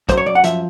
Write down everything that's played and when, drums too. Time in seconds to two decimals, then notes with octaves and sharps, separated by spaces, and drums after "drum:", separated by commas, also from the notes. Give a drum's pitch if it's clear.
0.09 F#2 C5, drum: kick, hi-hat
0.17 C#5
0.26 F#2 D5
0.35 F#5
0.44 F3 E5, drum: hi-hat